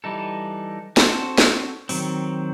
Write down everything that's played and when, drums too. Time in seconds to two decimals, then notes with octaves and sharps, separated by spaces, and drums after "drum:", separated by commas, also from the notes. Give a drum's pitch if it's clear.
0.04 E3 G3 D#4 A4
0.97 C4 F#4 A4 C5, drum: snare
1.38 drum: snare
1.89 D#3 F#3 C4, drum: open hi-hat